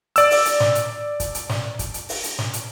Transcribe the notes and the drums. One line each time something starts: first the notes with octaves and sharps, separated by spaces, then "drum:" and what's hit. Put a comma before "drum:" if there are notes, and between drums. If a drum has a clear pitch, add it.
D5 E6, drum: hi-hat
drum: open hi-hat
drum: hi-hat
drum: snare
drum: hi-hat
drum: kick, hi-hat
drum: hi-hat
drum: snare
drum: kick, hi-hat
drum: hi-hat
drum: open hi-hat
drum: hi-hat
drum: snare
drum: hi-hat